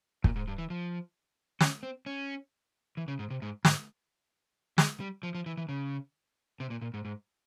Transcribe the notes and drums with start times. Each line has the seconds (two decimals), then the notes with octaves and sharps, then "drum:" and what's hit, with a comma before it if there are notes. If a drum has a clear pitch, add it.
0.24 A#2, drum: kick
0.36 G#2
0.48 G2
0.58 E3
0.70 F3
1.61 C#4, drum: snare
1.83 C4
2.06 C#4
2.97 E3
3.08 C#3
3.19 G#2
3.30 C3
3.42 G#2
3.65 G#2, drum: snare
4.78 G#3, drum: snare
5.00 G3
5.23 F3
5.35 F3
5.46 E3
5.58 E3
5.69 C#3
6.60 C3
6.70 A#2
6.82 A#2
6.94 G#2
7.05 G#2